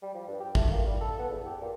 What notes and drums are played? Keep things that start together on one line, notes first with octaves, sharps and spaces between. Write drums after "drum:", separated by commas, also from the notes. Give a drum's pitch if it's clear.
G3
F3
G2
G4
A3, drum: kick G#1
A#3
G3
A4
B3
E2
G4
A#2